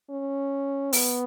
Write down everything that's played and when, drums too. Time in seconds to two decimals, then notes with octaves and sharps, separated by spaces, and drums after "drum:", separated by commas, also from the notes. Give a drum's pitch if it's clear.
0.10 C#4
0.93 B3, drum: open hi-hat